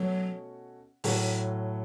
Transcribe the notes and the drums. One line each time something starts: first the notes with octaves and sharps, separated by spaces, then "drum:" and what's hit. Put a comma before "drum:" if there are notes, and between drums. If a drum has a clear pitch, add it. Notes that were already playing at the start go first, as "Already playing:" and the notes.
Already playing: B2 F#3 A3 C#4 F#4 C#5
A2 F#3 A3, drum: open hi-hat